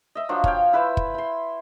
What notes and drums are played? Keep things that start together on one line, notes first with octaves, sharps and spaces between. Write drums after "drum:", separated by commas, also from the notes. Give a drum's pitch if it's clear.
D#5 E5
F3 F#3 D4
C#5 F5 G5, drum: kick
E4 B4 C5 E5
drum: kick
B5 C6